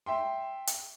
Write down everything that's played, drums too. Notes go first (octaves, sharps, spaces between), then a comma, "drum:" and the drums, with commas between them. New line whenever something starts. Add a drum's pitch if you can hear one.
E5 G5 C6
drum: hi-hat